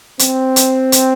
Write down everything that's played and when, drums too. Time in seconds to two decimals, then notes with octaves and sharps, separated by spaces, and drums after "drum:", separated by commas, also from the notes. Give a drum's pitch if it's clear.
0.19 C4, drum: hi-hat
0.56 drum: hi-hat
0.92 drum: hi-hat